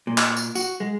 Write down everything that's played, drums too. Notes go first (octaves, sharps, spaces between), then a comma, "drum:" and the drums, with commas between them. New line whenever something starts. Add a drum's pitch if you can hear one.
A#2
drum: clap
drum: tambourine
F#4, drum: tambourine
G#3